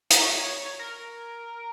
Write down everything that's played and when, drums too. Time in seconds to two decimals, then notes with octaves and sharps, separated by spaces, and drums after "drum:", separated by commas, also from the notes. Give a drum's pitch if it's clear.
0.10 D#4, drum: hi-hat
0.21 F#4
0.34 C#5
0.45 C#5
0.79 A#4